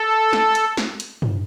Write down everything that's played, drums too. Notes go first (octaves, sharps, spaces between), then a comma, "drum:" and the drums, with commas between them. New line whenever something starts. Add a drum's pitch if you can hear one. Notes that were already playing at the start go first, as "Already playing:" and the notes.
Already playing: A4
drum: snare
drum: hi-hat
drum: snare
drum: hi-hat
drum: tom